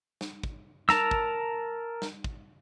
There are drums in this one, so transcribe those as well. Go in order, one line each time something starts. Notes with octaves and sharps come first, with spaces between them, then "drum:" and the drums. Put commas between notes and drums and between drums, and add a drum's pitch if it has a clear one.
drum: snare
drum: kick
A#4 A5 A#5 E6, drum: snare
drum: kick
drum: snare
drum: kick